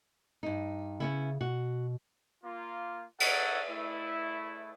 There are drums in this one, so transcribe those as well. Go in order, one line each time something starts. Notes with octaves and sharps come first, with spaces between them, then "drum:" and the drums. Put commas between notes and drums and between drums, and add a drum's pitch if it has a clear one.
G2 D#4
C#3 B3 C#4 E4
B2 F#4
A#3 F4
D#4 A4 C#5 E5 F#5, drum: cymbal
A3 E4